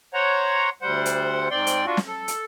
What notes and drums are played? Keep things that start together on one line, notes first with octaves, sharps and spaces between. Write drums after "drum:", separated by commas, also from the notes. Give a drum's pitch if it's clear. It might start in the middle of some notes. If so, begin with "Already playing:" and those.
C5 C#5 F#5 A#5
D2 G3 C5 F#5
drum: hi-hat
G#2 C4 D5 G5 C6
drum: hi-hat
D4 F4 F#4
drum: snare
A4
drum: hi-hat